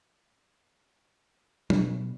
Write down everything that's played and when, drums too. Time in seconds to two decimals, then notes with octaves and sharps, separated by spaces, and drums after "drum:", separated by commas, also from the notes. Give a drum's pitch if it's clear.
1.70 B2, drum: tom F#3